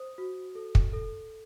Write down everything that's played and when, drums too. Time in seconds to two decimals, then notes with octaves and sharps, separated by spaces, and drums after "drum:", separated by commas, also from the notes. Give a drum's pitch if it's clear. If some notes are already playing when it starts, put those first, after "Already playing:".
Already playing: C5 D#6
0.18 F#4
0.55 A4
0.75 drum: kick
0.93 A4